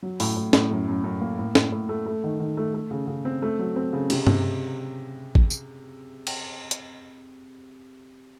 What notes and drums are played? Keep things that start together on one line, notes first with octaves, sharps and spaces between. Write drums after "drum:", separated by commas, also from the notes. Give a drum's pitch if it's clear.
F#3
A2, drum: open hi-hat
A2
A2, drum: snare
F#2
F#2
F#2
A#3
A2
A2, drum: snare
A2
A3
A3
D#3
D#3
A3
A3
C#3
C#3
C4
A3
F#3
C4
C#3
C3, drum: cymbal
C3, drum: tom G2
drum: kick G#1
drum: tambourine
drum: cymbal
drum: hi-hat